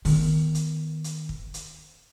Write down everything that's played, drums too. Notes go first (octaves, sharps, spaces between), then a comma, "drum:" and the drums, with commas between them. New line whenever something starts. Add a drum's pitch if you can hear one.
D#3 B3, drum: open hi-hat
drum: hi-hat
drum: hi-hat
drum: kick
drum: hi-hat